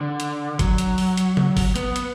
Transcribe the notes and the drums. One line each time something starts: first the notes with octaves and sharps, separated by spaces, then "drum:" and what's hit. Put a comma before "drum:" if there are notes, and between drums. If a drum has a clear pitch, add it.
D3
drum: hi-hat
F#3, drum: kick G#1, hi-hat
drum: hi-hat
drum: open hi-hat
drum: hi-hat
drum: tom
drum: kick G#1, open hi-hat
B3, drum: hi-hat
drum: hi-hat